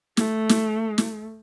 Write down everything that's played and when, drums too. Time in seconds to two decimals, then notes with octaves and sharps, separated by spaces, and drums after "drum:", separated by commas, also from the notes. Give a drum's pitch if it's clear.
0.17 A3, drum: snare
0.49 drum: snare
0.98 drum: snare